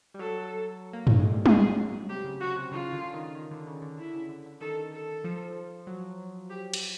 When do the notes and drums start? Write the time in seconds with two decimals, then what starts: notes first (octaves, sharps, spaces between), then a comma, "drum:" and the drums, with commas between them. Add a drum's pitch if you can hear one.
0.14 G3
0.19 F#3 A4
0.93 A#3
1.07 A3, drum: tom G2
1.20 G#3
1.33 G3
1.46 F#3 G#4, drum: tom G3
1.78 F#3
2.09 C3 G4
2.24 C#3
2.40 C#3 F#4
2.56 C3
2.72 C#3 F4
2.93 D3
3.14 D#3
3.35 D#3
3.51 D3
3.66 C#3
3.82 D3
3.98 D3 E4
4.14 C#3
4.29 D3
4.46 D3
4.61 D#3 A4
4.93 A4
5.24 F3
5.87 F#3
6.50 G4
6.74 drum: cymbal